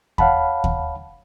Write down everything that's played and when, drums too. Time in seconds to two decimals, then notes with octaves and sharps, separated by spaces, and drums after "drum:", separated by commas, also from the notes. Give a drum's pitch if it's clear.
0.18 C#5 F5 F#5 A5 B5, drum: kick D#2
0.64 drum: kick D#2